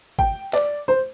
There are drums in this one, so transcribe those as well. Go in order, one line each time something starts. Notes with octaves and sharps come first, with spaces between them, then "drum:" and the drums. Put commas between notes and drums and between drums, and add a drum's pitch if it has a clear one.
G5, drum: kick
D5, drum: clap
C5